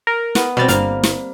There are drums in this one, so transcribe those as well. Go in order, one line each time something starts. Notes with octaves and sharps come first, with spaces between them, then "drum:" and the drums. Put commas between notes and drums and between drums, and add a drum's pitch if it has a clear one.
A#4
B3, drum: snare
B2 G3 C4 A6
G1 A#3 C4 F5, drum: hi-hat
drum: snare